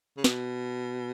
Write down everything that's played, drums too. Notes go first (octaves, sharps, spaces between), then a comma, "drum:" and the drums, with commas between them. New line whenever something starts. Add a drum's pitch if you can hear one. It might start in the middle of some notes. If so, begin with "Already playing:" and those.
C#3
B2, drum: snare